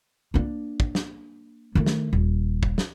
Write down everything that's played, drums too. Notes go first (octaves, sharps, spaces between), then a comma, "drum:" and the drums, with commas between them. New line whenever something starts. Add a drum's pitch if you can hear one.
A#3 D4
drum: kick
drum: snare
D#3 A3
drum: snare
D#1
drum: kick
drum: snare